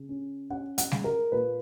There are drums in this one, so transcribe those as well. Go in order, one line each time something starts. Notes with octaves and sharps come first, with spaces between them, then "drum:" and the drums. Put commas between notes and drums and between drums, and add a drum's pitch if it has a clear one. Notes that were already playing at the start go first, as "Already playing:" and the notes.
Already playing: C#3
C#4
C#4 F#5
F#5, drum: hi-hat
G#3, drum: snare G3
A#4
A#2 B4